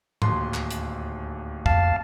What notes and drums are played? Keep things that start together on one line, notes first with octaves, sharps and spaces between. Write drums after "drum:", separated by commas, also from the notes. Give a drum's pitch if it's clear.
D1 D#2 C6, drum: tom G#2
drum: clap
drum: hi-hat
F2 F5 A5, drum: kick